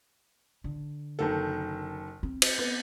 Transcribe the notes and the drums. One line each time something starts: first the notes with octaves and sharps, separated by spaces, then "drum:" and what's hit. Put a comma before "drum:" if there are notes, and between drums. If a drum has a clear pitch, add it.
D3
F#1 D#3 A4
C4
drum: cymbal
B3